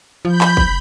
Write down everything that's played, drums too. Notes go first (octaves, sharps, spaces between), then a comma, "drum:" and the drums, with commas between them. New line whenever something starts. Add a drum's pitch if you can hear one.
F3 B5 G6
drum: clap
drum: kick